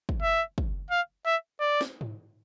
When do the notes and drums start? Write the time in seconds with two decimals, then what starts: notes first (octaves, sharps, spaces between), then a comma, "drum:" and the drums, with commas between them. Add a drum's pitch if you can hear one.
0.09 drum: kick
0.22 E5
0.58 drum: kick
0.91 F5
1.26 E5
1.60 D5
1.81 drum: snare
2.01 drum: tom G#2